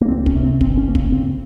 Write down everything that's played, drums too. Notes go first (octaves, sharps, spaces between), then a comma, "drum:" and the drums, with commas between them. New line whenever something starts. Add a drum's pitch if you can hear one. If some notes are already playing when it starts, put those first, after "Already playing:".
A#3
C#2 C4
C#4, drum: kick
C3
C4
G1 C4, drum: kick
C#4
C#3 A#3
C4, drum: kick
C#3 C4